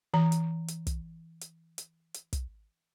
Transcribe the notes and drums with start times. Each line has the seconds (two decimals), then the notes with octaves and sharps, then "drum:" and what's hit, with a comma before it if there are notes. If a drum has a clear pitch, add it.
0.14 E3 A#5
0.32 drum: hi-hat
0.68 drum: hi-hat
0.87 drum: kick, hi-hat
1.41 drum: hi-hat
1.78 drum: hi-hat
2.14 drum: hi-hat
2.33 drum: kick, hi-hat